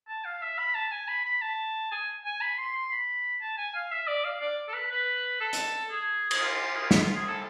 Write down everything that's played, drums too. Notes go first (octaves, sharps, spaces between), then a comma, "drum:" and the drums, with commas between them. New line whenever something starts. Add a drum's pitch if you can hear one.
A5
F5
E5
B5
A5
G#5
B5
B5
A5
G#5
G#5
B5
C6
C6
B5
A5
G#5
F5
E5
D5
F5
D5
A4
B4
B4
A4
drum: hi-hat
G#4
G#4, drum: cymbal
F4
G#4
F4
E4, drum: snare
F4
G#4
A4